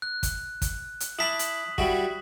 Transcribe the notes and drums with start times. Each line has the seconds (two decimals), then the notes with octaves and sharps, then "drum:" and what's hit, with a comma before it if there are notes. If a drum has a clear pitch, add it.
0.02 F#6
0.23 drum: kick, hi-hat
0.62 drum: kick, hi-hat
1.00 drum: hi-hat
1.19 E4 A5 D6 D#6 B6 F#7
1.39 drum: hi-hat
1.78 G3 E4 F#4, drum: kick